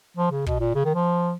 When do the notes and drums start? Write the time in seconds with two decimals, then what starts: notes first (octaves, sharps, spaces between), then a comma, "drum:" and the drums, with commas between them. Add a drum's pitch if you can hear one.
0.17 F3
0.31 C#3
0.46 B2, drum: kick
0.60 A#2
0.75 C#3
0.85 D#3
0.94 F3